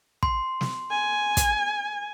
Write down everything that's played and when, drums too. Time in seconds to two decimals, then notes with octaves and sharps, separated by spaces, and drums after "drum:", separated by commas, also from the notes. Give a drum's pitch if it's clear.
0.23 C6, drum: kick
0.61 drum: snare
0.91 G#5
1.37 drum: kick, hi-hat